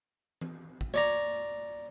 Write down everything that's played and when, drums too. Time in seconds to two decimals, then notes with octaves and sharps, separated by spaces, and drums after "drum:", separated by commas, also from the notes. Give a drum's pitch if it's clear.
0.41 drum: tom E3
0.81 drum: kick
0.94 C#5 D5 A#5, drum: snare